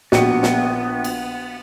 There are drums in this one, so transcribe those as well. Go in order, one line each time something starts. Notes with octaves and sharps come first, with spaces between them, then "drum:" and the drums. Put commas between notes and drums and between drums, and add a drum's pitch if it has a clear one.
A#1 B3 F#4 C#7, drum: snare
drum: snare
drum: cymbal